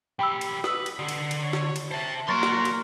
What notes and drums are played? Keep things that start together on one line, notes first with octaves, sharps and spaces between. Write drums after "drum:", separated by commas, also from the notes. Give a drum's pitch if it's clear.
B1 G4 G5 B5 E6
drum: cymbal
B4 D#6 E6, drum: snare
drum: cymbal
D3
drum: cymbal
drum: cymbal
C#5
drum: snare
drum: cymbal
C5 E5 A5
F#3 A#3 F#4 A#4 C6 C#6 A6
drum: snare
drum: cymbal